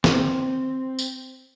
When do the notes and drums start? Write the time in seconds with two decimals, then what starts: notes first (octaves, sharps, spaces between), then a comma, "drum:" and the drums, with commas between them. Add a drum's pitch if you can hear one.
0.04 C4, drum: snare D#3
0.99 drum: tambourine